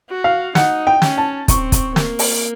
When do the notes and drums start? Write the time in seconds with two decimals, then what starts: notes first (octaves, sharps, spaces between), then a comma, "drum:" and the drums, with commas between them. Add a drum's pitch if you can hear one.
0.09 F#4
0.24 F5
0.55 D#4 F#5, drum: snare
0.87 G5
1.02 C#4, drum: snare
1.18 A5
1.48 C4 C#6, drum: kick, hi-hat
1.72 drum: kick, hi-hat
1.96 A#3, drum: snare
2.19 drum: open hi-hat